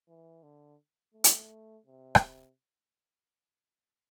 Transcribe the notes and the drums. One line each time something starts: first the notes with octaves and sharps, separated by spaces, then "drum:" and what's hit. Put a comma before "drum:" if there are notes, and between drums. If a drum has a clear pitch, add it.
E3
D3
A3
drum: hi-hat
C3
drum: rim click